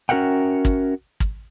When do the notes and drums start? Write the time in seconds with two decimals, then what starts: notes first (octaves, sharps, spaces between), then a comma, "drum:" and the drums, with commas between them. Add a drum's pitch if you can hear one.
0.09 C#4 F#4 A#4 E5 F#5 G5
0.65 drum: kick
1.20 drum: kick